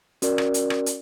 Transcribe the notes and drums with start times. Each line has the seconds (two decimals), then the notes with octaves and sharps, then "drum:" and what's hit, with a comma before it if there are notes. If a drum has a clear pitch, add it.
0.22 C#4 F#4 A#4 D5, drum: hi-hat
0.38 drum: rim click
0.54 drum: hi-hat
0.70 drum: rim click
0.86 drum: hi-hat